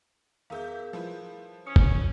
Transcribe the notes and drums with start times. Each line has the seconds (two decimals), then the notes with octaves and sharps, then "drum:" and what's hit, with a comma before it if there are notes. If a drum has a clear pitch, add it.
0.50 E2 G#4 A#4 E5 F5 G6
0.93 F3 E4 B4
1.67 C#4 D#6 C#7
1.76 drum: kick F#1